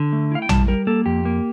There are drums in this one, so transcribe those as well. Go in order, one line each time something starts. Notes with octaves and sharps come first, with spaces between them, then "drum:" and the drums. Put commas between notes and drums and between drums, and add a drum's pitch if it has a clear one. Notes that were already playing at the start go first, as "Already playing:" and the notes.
Already playing: D3
A3
E4 F5
G5
G3 A5, drum: tom A#1
G3 A#4
A#3 A4
F2 G4
A#3